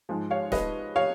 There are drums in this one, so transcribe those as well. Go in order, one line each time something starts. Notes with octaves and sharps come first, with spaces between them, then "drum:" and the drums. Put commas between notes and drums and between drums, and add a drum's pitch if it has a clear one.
G#2 F3 G#3
C#5 F5
B4 D#5, drum: snare
C#5 F5